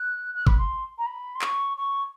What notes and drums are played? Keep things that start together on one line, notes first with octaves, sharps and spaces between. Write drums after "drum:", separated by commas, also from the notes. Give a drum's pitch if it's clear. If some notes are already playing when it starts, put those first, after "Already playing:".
Already playing: F#6
F#6
B5, drum: kick G1
C6
A#5
B5
C6
C#6, drum: clap
C#6